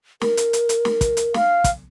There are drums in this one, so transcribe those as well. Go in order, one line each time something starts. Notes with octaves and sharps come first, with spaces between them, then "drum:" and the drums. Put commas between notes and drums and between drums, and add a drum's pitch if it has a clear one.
A#4, drum: snare
drum: hi-hat
drum: hi-hat
drum: hi-hat
drum: snare
drum: kick, hi-hat
drum: hi-hat
F5, drum: snare
drum: kick, hi-hat